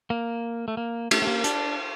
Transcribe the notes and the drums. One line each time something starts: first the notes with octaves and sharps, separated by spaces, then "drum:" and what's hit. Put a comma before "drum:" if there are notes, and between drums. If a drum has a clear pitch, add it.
A#3
A3
A#3
A3, drum: cymbal
A3
A#3
D4, drum: hi-hat